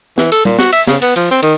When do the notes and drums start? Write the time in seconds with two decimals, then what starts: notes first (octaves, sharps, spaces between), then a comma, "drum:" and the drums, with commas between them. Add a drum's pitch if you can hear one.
0.18 E3, drum: snare
0.32 A4, drum: cymbal
0.45 A#2, drum: tom G3
0.59 F#4, drum: snare
0.72 E5, drum: cymbal
0.87 C#3, drum: snare
1.02 B3, drum: cymbal
1.16 F3, drum: cymbal
1.31 C4
1.42 D#3, drum: cymbal